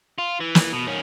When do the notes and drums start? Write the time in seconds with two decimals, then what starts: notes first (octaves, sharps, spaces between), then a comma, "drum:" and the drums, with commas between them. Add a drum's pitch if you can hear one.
0.18 F4
0.40 E3
0.55 drum: snare
0.73 B2
0.87 D#3 C#4